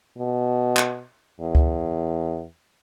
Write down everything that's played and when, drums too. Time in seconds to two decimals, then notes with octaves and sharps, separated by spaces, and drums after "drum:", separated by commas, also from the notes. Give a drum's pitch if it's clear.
0.18 B2
0.77 drum: clap
1.41 E2
1.55 drum: kick C#2